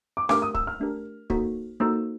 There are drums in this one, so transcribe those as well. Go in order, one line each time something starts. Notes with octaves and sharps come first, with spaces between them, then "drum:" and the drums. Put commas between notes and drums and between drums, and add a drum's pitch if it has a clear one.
D6
A3 D4 G4 A#4 D6, drum: rim click
D#6
E6, drum: kick
F6
A3 D4 G4 A#4
A#3 D#4 F#4 A4 C5, drum: kick
A#3 D#4 F#4 A4 C5 E6